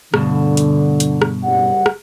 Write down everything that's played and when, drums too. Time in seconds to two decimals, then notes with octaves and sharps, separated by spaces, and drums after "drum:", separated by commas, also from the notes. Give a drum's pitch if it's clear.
0.14 G2 B2 D3, drum: rim click
0.57 drum: hi-hat
1.00 drum: hi-hat
1.22 drum: rim click
1.43 F#1 G3 F#5
1.86 drum: rim click